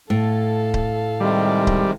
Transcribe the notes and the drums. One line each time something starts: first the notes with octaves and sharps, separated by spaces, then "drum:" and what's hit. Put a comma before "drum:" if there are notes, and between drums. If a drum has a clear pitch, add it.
A2 A4 F5
drum: kick C#1
C3 D#3 G3 G#3
drum: kick C#1